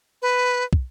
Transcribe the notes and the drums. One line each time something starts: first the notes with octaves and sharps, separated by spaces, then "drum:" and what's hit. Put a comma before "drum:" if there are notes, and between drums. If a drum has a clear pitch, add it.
B4
drum: kick